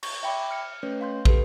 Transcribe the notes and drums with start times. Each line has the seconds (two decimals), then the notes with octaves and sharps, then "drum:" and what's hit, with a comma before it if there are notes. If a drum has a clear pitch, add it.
0.03 C#6, drum: cymbal
0.23 E5 G5 B5 D6
0.51 F6 C#7
0.83 A3 C#4 B4 C#5
1.01 F5 C6 G6
1.25 G4 A4 B4, drum: kick